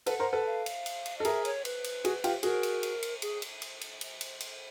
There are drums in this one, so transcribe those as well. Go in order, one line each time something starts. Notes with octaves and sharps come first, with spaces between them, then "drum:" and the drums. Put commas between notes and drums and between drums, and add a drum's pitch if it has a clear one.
A4 B4 F#5, drum: cymbal
A#4 C5
A4 B4
F5
drum: cymbal
drum: cymbal
drum: cymbal
A4 D#5
G#4 A#4 E5, drum: cymbal
C#5, drum: cymbal
B4, drum: cymbal
drum: cymbal
F#4 G#4, drum: cymbal
F4 G4, drum: cymbal
F#4 G#4 A#4, drum: cymbal
drum: cymbal
drum: cymbal
drum: cymbal
G#4, drum: cymbal
drum: cymbal
drum: cymbal
drum: cymbal
drum: cymbal
drum: cymbal
drum: cymbal